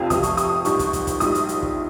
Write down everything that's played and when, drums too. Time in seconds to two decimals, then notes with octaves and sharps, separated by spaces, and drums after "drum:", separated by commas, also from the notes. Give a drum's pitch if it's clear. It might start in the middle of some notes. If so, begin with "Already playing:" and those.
Already playing: F1 F2 C3 F5
0.10 F1 F2 C3 D#6, drum: kick, hi-hat
0.23 C#6, drum: kick, hi-hat
0.37 D#6, drum: hi-hat
0.65 A#1 G#2 G3 C#6, drum: hi-hat
0.79 drum: kick, hi-hat
0.93 drum: kick, hi-hat
1.07 drum: kick, hi-hat
1.20 A#1 G#2 G3 D#6, drum: hi-hat
1.35 drum: hi-hat
1.49 drum: hi-hat
1.63 drum: kick